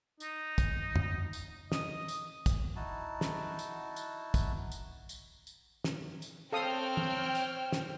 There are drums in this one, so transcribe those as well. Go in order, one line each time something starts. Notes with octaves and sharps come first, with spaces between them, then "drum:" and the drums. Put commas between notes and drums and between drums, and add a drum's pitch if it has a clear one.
D#4, drum: tambourine
drum: kick, tambourine
drum: tom
drum: tambourine
D#5, drum: snare
drum: tambourine
drum: kick, tambourine
D#4 E4 F#4 A5
drum: snare
drum: tambourine
drum: tambourine
drum: kick, tambourine
drum: tambourine
drum: tambourine
drum: tambourine
drum: snare
drum: tambourine
C4 A4 C#5 F5 G5 D#6 F6
drum: tom
drum: tambourine
drum: snare